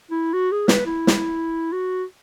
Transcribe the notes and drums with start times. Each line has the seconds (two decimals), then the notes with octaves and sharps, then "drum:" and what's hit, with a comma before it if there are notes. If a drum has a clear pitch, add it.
0.11 E4
0.33 F#4
0.52 G#4
0.68 B4, drum: snare
0.86 E4
1.07 drum: snare
1.72 F#4